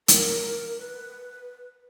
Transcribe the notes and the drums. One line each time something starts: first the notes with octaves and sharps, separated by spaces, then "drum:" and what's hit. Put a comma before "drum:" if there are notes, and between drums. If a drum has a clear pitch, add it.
A#4, drum: hi-hat
B4